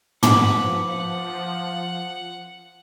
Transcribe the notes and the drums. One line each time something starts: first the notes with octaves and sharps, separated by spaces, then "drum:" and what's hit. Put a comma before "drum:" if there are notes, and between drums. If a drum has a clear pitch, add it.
F3 B4 F#5 D6, drum: tom
F#5